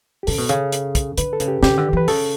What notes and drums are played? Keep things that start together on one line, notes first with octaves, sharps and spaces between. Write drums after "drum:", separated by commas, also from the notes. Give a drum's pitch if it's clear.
G4
C#3 A4, drum: open hi-hat
B2
C#3, drum: hi-hat
drum: hi-hat
drum: kick, hi-hat
D3 B4, drum: hi-hat
A4
C#3, drum: hi-hat
G4
C#3 G4, drum: snare
D3
E3 B4
C#3 A4, drum: open hi-hat